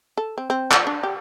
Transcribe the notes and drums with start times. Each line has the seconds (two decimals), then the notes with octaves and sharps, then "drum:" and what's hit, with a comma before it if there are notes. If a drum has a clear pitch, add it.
0.17 A4
0.38 C4
0.50 C4
0.71 F3, drum: clap
0.87 D4
1.03 G4